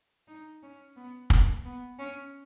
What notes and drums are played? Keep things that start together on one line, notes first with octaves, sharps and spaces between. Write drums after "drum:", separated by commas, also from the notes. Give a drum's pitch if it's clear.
D#4
C#4
B3
A#3, drum: kick
B3
C#4